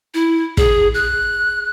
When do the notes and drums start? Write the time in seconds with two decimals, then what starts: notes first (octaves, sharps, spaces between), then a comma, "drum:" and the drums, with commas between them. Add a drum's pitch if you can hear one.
0.14 E4
0.57 G#4, drum: kick
0.94 F#6